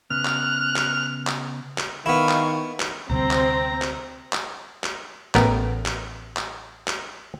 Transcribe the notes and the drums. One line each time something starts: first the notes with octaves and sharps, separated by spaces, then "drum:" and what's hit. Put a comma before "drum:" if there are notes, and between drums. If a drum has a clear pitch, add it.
C#3 B3 F6 F#6
drum: clap
drum: clap
drum: clap
drum: clap
D#3 B3 E4 F5 C#6
drum: clap
drum: clap
D2 C3 G3 C4 A#5
drum: clap
drum: clap
drum: clap
drum: clap
A1 A3 B3 A#4, drum: clap
drum: clap
drum: clap
drum: clap